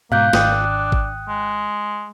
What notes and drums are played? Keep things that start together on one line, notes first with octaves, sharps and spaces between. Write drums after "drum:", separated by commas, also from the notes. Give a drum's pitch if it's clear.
G#2 B2 A#3 F5 F#6 G6
G#1 D4 G5 D#6 F#6, drum: snare
drum: kick G#1
G#3